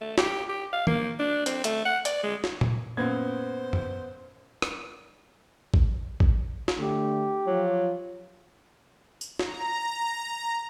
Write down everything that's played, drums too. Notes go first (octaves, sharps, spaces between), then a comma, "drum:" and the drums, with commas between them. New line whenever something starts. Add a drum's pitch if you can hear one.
A3
G4, drum: snare
G4
F5
A#3, drum: tom
D4
C4, drum: hi-hat
A3, drum: hi-hat
F#5
D5, drum: hi-hat
G#3
drum: snare
drum: tom A#2
F#2 A#2 B3 C5 G#6
drum: tom F#2
drum: rim click
drum: kick
drum: kick
drum: snare
D3 A3 G4
F3 F#3 F4
drum: tambourine
A#5, drum: snare